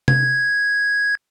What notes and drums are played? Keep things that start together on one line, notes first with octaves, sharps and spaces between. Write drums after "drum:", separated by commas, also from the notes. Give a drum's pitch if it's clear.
G#6, drum: tom C3